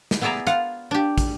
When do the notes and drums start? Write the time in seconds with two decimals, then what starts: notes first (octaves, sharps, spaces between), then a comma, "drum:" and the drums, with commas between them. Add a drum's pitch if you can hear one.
0.11 drum: snare
0.21 B3 E4 G#4 D5 E5 A#5
0.47 F4 F5 F#5, drum: hi-hat
0.91 D4 G4
1.18 drum: kick, hi-hat